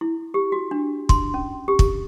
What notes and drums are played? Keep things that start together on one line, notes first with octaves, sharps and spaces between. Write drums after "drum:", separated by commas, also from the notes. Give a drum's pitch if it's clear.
E4
G4
F#4
D4
C6, drum: kick
C#4
G4
drum: kick